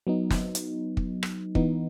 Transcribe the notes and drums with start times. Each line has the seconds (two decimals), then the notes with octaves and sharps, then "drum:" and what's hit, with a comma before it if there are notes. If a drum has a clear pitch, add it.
0.07 F#3 B3 D#4
0.30 drum: snare
0.55 drum: hi-hat
0.97 drum: kick
1.23 drum: rim click
1.55 E3 B3 D#4, drum: kick